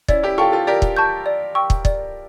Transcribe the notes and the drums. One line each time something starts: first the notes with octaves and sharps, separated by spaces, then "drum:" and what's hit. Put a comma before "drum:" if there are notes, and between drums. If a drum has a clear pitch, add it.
C#4 E4 D5, drum: kick
E4 G4
F4 A4 G5 C#6
F4 A4
G4 A#4 D5
drum: kick
A5 C#6 G6
D5
G5 C#6 E6
drum: kick
D5, drum: kick